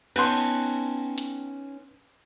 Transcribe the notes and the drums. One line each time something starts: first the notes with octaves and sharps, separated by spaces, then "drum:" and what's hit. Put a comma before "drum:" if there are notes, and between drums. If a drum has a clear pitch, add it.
B3 C#4 D#4 A4 B4 F#5 G5 C6, drum: cymbal
drum: hi-hat